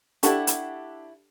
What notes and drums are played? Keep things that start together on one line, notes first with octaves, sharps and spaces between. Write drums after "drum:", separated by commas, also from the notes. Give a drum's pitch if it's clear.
D4 E4 G4 A4 F#5 C#6, drum: hi-hat
drum: hi-hat